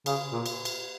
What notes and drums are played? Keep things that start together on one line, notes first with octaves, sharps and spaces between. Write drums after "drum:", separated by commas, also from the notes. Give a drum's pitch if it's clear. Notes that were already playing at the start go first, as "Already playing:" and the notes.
C#3, drum: cymbal
A#2
drum: cymbal
drum: cymbal